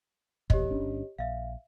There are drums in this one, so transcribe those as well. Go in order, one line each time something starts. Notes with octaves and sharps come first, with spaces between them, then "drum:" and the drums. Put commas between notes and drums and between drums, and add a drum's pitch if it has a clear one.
A#1 E2 G4 C#5 D#5, drum: kick
G1 C#4 D4
A#1 E5 F5